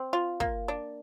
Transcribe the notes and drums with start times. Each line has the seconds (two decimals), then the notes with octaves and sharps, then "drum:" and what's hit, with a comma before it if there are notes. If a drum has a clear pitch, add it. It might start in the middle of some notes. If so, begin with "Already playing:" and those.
Already playing: C4
0.13 F4
0.40 A#3, drum: kick
0.68 D4